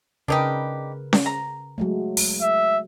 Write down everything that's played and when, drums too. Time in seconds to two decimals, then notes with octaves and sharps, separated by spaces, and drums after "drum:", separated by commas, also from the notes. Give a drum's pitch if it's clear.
0.28 C#3 D4 D#4 G4 A#4 B4
1.13 drum: snare C#4
1.26 A#5
1.78 F#3 G#3 A3
2.17 drum: open hi-hat
2.42 E5